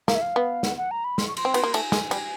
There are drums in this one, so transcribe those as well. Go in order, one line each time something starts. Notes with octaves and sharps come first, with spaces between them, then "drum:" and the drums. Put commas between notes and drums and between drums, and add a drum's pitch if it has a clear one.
A#3 F5, drum: snare
E5
F5
B3
F#5, drum: snare
F#5
A#5
B5
C6, drum: snare
C#6
C6, drum: cymbal
C4
B3, drum: cymbal
A#3
A3 G#5, drum: cymbal
G#3, drum: snare
G3, drum: cymbal